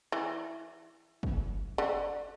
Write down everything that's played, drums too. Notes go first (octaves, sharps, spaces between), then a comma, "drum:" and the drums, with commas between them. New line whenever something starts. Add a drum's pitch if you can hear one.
E3
drum: kick
D3